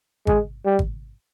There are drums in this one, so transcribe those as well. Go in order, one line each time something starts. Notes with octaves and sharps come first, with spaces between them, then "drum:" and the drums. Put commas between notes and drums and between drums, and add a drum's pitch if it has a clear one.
G#3, drum: kick G#1
G3
drum: kick G#1